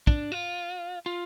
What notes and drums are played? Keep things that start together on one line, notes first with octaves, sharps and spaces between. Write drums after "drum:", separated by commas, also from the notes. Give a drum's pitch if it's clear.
D4, drum: kick
F4
F4